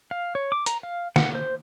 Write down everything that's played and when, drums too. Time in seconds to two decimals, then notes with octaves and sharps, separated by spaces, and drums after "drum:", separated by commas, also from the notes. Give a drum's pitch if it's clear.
0.11 F5
0.35 C#5
0.52 D6
0.66 A#5, drum: hi-hat
0.83 F5
1.16 F#5, drum: snare
1.35 C5